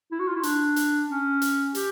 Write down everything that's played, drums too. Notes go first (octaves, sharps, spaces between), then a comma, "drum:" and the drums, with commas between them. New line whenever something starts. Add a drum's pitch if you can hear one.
E4
F#4
F4
E4
D4, drum: hi-hat
drum: hi-hat
C#4
drum: hi-hat
G4, drum: hi-hat